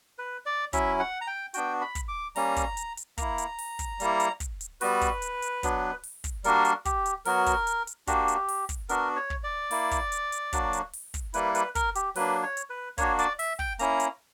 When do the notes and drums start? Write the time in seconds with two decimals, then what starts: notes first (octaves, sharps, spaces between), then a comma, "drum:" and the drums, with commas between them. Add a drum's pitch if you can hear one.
0.18 B4
0.46 D5
0.73 F#3 C#4 E4 E5, drum: kick, hi-hat
1.00 F#5
1.21 A#5
1.27 G5
1.54 B3 D4 F#4 G5, drum: hi-hat
1.81 B5
1.95 drum: kick, hi-hat
2.08 D6
2.36 G3 A#3 C#4 A#5, drum: open hi-hat
2.56 drum: kick, hi-hat
2.77 drum: hi-hat
2.97 drum: hi-hat
3.18 A#3 E4 A#5, drum: kick, hi-hat
3.38 drum: hi-hat
3.58 drum: open hi-hat
3.79 drum: kick, hi-hat
4.00 G3 A#3 E4, drum: hi-hat
4.20 drum: hi-hat
4.40 drum: kick, hi-hat
4.61 drum: hi-hat
4.81 G3 B3 F#4 B4, drum: open hi-hat
5.01 drum: kick, hi-hat
5.22 drum: hi-hat
5.42 drum: hi-hat
5.63 F#3 B3 D4, drum: kick, hi-hat
6.03 drum: open hi-hat
6.24 drum: kick, hi-hat
6.44 G3 A#3 D4 F#4 A#4, drum: hi-hat
6.65 drum: hi-hat
6.85 G4, drum: kick, hi-hat
7.06 drum: hi-hat
7.25 F#3 B3 F#4 A#4, drum: open hi-hat
7.46 drum: kick, hi-hat
7.67 drum: hi-hat
7.87 drum: hi-hat
8.07 A#3 D4 F#4 G4, drum: kick, hi-hat
8.28 drum: hi-hat
8.48 drum: open hi-hat
8.69 drum: kick, hi-hat
8.89 B3 D4 F#4 A#4, drum: hi-hat
9.16 C#5
9.30 drum: kick
9.44 D5
9.71 A#3 E4, drum: open hi-hat
9.91 drum: kick, hi-hat
10.12 drum: hi-hat
10.32 drum: hi-hat
10.53 F#3 A#3 D4 F#4, drum: kick, hi-hat
10.73 drum: hi-hat
10.93 drum: open hi-hat
11.14 drum: kick, hi-hat
11.34 G3 A#3 E4 B4, drum: hi-hat
11.55 B4, drum: hi-hat
11.75 A#4, drum: kick, hi-hat
11.95 G4, drum: hi-hat
12.16 F#3 A#3 D4 B4, drum: open hi-hat
12.43 C#5
12.57 drum: hi-hat
12.70 B4
12.98 A#3 D4 F#4 C#5, drum: kick, hi-hat
13.19 D5, drum: hi-hat
13.39 E5, drum: open hi-hat
13.59 G5, drum: kick
13.79 A#3 C#4 E4 A#5, drum: hi-hat
14.00 drum: hi-hat